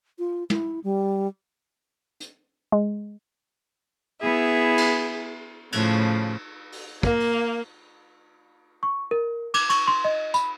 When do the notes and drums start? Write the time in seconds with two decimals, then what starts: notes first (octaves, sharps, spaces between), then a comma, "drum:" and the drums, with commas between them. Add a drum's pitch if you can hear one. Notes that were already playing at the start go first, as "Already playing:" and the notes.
0.19 F4
0.50 E4, drum: tom
0.84 G3
2.20 drum: hi-hat
2.72 G#3
4.21 B3 E4 G#4 E5
4.78 drum: cymbal
5.72 A2 C#3 F3, drum: cymbal
6.72 drum: open hi-hat
7.03 A#3, drum: kick
7.20 drum: open hi-hat
8.83 C#6
9.11 A#4
9.54 D6, drum: cymbal
9.70 C#6, drum: cymbal
9.87 C6
10.05 D#5
10.34 B5, drum: tambourine